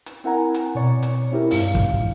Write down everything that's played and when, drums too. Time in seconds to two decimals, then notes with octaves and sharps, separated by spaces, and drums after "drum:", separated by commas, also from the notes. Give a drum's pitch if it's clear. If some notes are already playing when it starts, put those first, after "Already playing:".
0.06 drum: hi-hat
0.24 C4 E4 A#4 F#5 G#5 A#5
0.54 drum: hi-hat
0.75 B2 C4 C#5 D5 C#7
1.03 drum: hi-hat
1.31 C4 C#4 E4 G4 A#4
1.51 G2 G#3 F4 F5, drum: open hi-hat
1.75 drum: kick